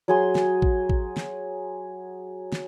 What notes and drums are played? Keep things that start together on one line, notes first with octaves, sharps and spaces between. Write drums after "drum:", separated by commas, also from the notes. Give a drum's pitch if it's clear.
F#3 G#4 C6
drum: snare
drum: kick
drum: kick
drum: snare
drum: snare